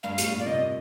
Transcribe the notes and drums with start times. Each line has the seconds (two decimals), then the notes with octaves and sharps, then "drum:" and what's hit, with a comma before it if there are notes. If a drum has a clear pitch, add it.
0.03 G2 F5
0.18 A2, drum: hi-hat
0.32 A#2
0.40 D5
0.46 C3 D#5